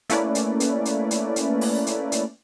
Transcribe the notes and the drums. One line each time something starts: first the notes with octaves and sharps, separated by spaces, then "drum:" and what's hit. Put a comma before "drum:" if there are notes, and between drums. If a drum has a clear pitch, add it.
A3 A#3 C#4 E4 B4 D5, drum: hi-hat
drum: hi-hat
drum: hi-hat
drum: hi-hat
drum: hi-hat
drum: hi-hat
drum: open hi-hat
drum: hi-hat
drum: hi-hat